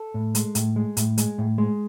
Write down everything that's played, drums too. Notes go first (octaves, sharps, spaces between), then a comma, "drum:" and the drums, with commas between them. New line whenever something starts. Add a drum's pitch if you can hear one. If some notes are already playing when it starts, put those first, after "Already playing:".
Already playing: A4
A2
G#3, drum: hi-hat
A2, drum: hi-hat
G#3
A2, drum: hi-hat
G#3, drum: hi-hat
A2
G#3